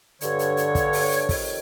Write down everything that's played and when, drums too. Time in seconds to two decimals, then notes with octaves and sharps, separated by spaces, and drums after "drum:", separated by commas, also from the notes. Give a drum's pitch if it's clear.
0.21 G2 D3 C#5, drum: hi-hat
0.39 drum: hi-hat
0.57 drum: hi-hat
0.75 drum: kick, hi-hat
0.93 drum: open hi-hat
1.11 drum: hi-hat
1.29 F2 C3 D#3, drum: kick, open hi-hat